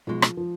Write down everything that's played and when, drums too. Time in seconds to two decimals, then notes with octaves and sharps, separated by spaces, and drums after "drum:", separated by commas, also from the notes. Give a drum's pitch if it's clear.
0.07 B1 B2 F3 G#3
0.22 drum: rim click
0.37 F3